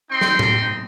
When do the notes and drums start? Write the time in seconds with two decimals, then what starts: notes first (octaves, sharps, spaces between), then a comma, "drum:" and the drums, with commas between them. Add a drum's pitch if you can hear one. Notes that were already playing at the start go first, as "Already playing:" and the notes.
0.11 C4 D#4 G5 C6
0.21 drum: snare
0.39 drum: tom A2